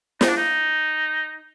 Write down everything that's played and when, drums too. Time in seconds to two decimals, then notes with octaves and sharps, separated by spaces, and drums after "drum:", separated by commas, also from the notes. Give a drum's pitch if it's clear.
0.21 D#4, drum: snare
0.29 D4
0.37 D#4